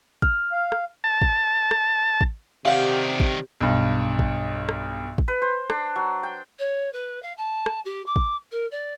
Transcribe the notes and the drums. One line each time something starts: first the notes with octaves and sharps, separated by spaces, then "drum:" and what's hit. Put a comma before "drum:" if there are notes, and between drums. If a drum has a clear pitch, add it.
F6, drum: kick
F5
drum: rim click
A5
drum: kick
drum: rim click
drum: kick
C3 D#3 G4 D5 F5 F#5
drum: kick
B1 G2
drum: kick
drum: rim click
drum: kick
B4
C5
D4, drum: rim click
F#3
G5
C#5
B4
F5
A5
drum: rim click
G4
D6
drum: kick
A#4
D5